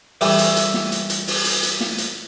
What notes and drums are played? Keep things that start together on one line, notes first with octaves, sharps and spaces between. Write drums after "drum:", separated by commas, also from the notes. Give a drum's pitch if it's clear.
E3 G3 A3, drum: open hi-hat
drum: hi-hat
drum: hi-hat
drum: snare
drum: hi-hat
drum: hi-hat
drum: open hi-hat
drum: hi-hat
drum: hi-hat
drum: snare
drum: hi-hat